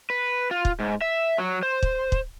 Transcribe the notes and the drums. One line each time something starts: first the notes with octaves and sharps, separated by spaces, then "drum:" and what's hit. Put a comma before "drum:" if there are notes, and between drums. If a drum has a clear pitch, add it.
B4
F4
drum: kick
G#2
E5
F#3
C5
drum: kick
drum: kick